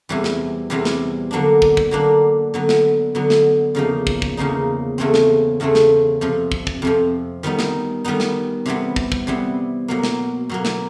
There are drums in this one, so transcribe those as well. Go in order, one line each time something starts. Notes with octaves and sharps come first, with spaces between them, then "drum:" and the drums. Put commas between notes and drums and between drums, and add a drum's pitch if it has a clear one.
E2 C3 E3 G3
drum: snare
E2 C3 E3 G3
drum: snare
D3 F#3 A#3 D4
drum: kick
drum: kick
D3 F#3 A#3 D4
D3 F#3 B3
drum: snare
D3 F#3 B3
drum: snare
E2 C#3 F3 A#3 D#4
drum: kick
drum: kick
E2 C#3 F3 A#3 D#4
E2 C#3 E3 A3 C4
drum: snare
E2 C#3 E3 A3 C4
drum: snare
F2 C3 F3
drum: kick
drum: kick
F2 C3 F3
D#3 G3 B3 D#4
drum: snare
D#3 G3 B3 D#4
drum: snare
C3 E3 G3 B3
drum: kick
drum: kick
C3 E3 G3 B3
B2 F#3 A#3
drum: snare
B2 F#3 A#3
drum: snare